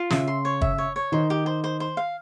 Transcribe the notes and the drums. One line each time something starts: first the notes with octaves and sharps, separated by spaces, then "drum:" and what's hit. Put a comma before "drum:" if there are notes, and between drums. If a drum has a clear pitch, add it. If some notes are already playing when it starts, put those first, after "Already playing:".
Already playing: F4
C#3 C#4 E5, drum: snare
C6
C#5
E5, drum: kick
C#5
C#5
D#3 D#4 C5
G4
C5
C5
C5
F5